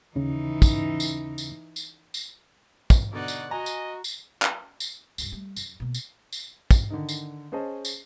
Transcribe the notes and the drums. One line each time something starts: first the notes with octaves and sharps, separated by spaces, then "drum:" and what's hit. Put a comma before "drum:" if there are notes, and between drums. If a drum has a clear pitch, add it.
D#2 C#3 E3 C#4 D#4
drum: kick, tambourine
drum: tambourine
drum: tambourine
drum: tambourine
drum: tambourine
drum: kick, tambourine
B2 D3 D#4 D5 F#5
drum: tambourine
F#4 D#5 G#5 A#5
drum: tambourine
drum: tambourine
drum: clap
drum: tambourine
C#2 G2, drum: tambourine
G3 A3
F#2, drum: tambourine
B2 A#3
drum: tambourine
drum: tambourine
drum: kick, tambourine
D3 D#3 D#4
drum: tambourine
C#4 G#4 C5 D#5 A5
drum: tambourine